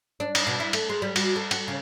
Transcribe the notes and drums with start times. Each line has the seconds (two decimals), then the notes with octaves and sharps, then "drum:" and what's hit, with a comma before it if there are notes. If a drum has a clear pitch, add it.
0.20 D4
0.35 D#4, drum: cymbal
0.47 B2
0.60 E4
0.73 A3, drum: cymbal
0.89 G#3
1.02 G3
1.16 F#4, drum: cymbal
1.36 A4
1.51 F#4, drum: cymbal
1.68 C#3